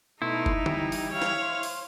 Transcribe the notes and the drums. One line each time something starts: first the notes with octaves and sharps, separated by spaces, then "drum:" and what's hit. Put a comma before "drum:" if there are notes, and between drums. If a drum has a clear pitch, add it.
B2 A3 D#4 E4 C6
drum: kick F1
E3 G3, drum: tom D3
drum: open hi-hat
C#5 F5
drum: snare
C5
drum: open hi-hat